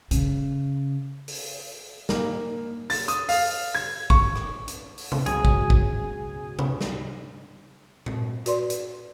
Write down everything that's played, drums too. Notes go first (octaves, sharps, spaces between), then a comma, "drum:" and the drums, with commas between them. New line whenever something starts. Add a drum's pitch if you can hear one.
C#3, drum: hi-hat
drum: open hi-hat
A#3, drum: snare
A6, drum: open hi-hat
D#6, drum: hi-hat
F5, drum: open hi-hat
G#6
C#6, drum: kick
drum: rim click
drum: hi-hat
drum: open hi-hat
drum: tom C3
C#2 B2 F#3 G#4, drum: hi-hat
drum: kick
drum: kick
drum: tom C3
drum: snare
drum: tom A#2
F#4 B4 D5 C6, drum: hi-hat
drum: hi-hat